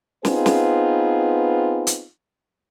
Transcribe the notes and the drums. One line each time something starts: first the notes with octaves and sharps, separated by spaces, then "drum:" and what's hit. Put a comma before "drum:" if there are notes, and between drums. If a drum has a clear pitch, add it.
B3 C4 D#4 F4 G#4 B4, drum: snare
drum: snare
drum: hi-hat